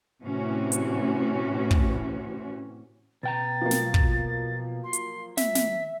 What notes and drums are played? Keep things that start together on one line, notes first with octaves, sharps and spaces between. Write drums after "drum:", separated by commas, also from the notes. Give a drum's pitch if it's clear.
A2 C3 E3 C#4 F#4
drum: hi-hat
drum: kick
B2 G5 A#5 A6
F3 F#3 A#3
drum: snare
drum: kick
C6
drum: hi-hat
E5 B6, drum: snare
drum: snare